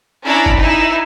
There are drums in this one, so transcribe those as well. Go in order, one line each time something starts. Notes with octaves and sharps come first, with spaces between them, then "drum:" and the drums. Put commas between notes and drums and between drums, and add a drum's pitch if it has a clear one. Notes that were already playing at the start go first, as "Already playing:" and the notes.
C#4 D4 E4 D5 A#5 B5
drum: kick F#1
D#4 E4